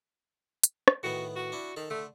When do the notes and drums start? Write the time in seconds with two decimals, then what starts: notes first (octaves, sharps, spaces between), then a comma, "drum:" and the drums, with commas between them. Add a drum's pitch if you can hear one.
0.64 drum: hi-hat
0.88 drum: rim click
1.03 A2 D#3 B3 F#4
1.36 F#4
1.52 D4 E4
1.77 D#3 A4
1.90 D3 A3